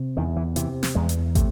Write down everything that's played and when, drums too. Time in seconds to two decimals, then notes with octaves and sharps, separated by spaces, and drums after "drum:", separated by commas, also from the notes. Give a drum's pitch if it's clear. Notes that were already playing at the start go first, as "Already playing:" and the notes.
Already playing: C3
0.17 E2 D#3
0.36 E3
0.56 C3 E3, drum: hi-hat
0.83 drum: snare
0.95 E2 G#3
1.09 drum: hi-hat
1.35 C3 A3, drum: kick, hi-hat